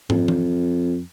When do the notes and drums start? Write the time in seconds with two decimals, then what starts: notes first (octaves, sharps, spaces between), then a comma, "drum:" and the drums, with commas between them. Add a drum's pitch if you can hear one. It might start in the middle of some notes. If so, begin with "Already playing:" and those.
0.10 F2, drum: tom
0.28 drum: tom E3